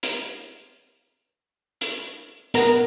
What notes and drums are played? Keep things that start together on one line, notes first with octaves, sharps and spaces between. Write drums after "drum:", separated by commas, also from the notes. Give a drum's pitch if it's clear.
drum: hi-hat
drum: hi-hat
B3 A#4 A#5, drum: hi-hat